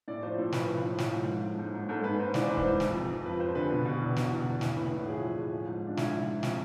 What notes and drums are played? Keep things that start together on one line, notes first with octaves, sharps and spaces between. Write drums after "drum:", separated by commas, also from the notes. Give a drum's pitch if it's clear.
A2 D5
F3 C5
A2 C5
F3 B4, drum: snare
F3
A2
F3, drum: snare
G#2
F3
G#2
G#2
G#2
G#2 A4
G#2 B4
G#2 C5
E3 D5, drum: snare
C5
G#2 B4
C5, drum: kick C#1
E3
F2, drum: snare
F2
F2
F3 B4
F2 C5
D3 B4
B2
B2
E2
E2, drum: snare
E2
E2
A2, drum: snare
A2 B4
A2
F3 G#4
A2
A2
F3
G#2
F3
D4
G#2 E4, drum: snare
F3
F3
C3, drum: snare